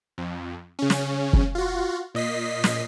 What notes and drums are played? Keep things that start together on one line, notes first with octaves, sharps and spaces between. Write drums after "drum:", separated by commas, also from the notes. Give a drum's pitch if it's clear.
F2
C#3 C#4
drum: snare
drum: kick
F4 F#4
A#2 D#5 B6 C7
drum: snare